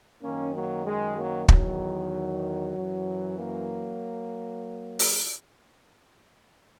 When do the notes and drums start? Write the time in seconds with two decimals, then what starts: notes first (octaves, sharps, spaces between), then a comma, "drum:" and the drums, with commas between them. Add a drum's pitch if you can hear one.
0.22 F#2 D#3 A#3 C#4
0.54 F#3 A#3
0.86 G#3
1.17 F#3 A#3
1.48 E2 D#3 F#3, drum: kick
2.75 F#2 E3
3.38 F#3 A#3
4.99 drum: open hi-hat